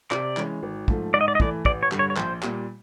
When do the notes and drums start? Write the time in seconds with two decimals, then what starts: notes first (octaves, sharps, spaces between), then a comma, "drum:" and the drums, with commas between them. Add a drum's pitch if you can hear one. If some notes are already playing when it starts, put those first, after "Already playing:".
0.11 C3 D5, drum: clap
0.37 E3 G#3 C#4, drum: clap
0.62 G#1
0.88 G#2 F3 A3, drum: kick
1.14 G#2 D5
1.21 D#5
1.28 D5
1.35 D#5
1.40 E3 A3 D5, drum: kick
1.65 A1 D5, drum: kick
1.83 C#5
1.92 G2 D3, drum: clap
1.99 C#5
2.10 C#5
2.16 A#1 C5, drum: clap
2.43 A#2 G3, drum: clap